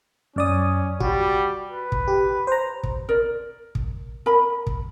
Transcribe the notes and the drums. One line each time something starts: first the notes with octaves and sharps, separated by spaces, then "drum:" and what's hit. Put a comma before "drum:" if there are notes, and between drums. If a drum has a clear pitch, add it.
F#2 C#4 D5 D#6
G3 F#4, drum: kick
B4
drum: kick
G4
C5 A#5
drum: kick
A#4 D5
drum: kick
A#4 B5
drum: kick